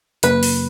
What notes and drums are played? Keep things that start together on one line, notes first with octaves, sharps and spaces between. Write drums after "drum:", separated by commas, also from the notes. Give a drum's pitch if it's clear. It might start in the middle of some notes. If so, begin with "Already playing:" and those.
F#2 C#3 F#3 A#3 B4, drum: hi-hat
drum: open hi-hat